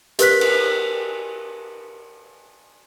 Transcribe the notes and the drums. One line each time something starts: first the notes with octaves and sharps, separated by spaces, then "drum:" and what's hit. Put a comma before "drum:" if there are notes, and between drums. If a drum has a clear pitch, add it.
G4 A#4 B4 F#6 B6, drum: hi-hat
drum: cymbal